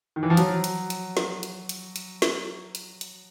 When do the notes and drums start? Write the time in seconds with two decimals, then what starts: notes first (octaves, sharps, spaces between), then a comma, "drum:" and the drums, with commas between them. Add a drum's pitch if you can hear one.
0.16 D#3
0.23 E3
0.30 F3
0.37 F#3, drum: hi-hat
0.64 drum: hi-hat
0.90 drum: hi-hat
1.17 drum: snare
1.43 drum: hi-hat
1.69 drum: hi-hat
1.96 drum: hi-hat
2.22 drum: snare
2.75 drum: hi-hat
3.01 drum: hi-hat